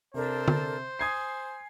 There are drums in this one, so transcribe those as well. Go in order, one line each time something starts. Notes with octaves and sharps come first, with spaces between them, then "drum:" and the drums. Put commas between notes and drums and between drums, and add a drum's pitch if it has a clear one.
C3 D4 A4 A#4 C5
drum: tom
G#5 D#6 G#6 C7